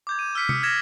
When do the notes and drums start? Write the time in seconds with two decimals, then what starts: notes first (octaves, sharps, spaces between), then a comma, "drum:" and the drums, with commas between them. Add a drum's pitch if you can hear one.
0.07 D6 G6 G#6
0.19 D#7
0.35 E6 F6 B6 C#7
0.49 D#6 C#7 D#7, drum: tom C3
0.63 F6 G#6 A#6 E7